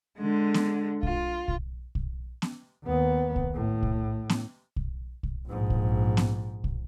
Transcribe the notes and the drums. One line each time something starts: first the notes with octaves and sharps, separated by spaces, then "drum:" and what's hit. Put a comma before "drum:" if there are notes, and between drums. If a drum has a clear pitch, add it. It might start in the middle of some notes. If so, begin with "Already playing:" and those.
D3 G#3
drum: snare B3
F4, drum: kick
drum: kick
drum: kick
drum: snare B3
D#2 B3
drum: kick
A2
drum: kick
drum: snare B3
drum: kick
drum: kick
A#1 G#2
drum: kick
drum: snare B3
drum: kick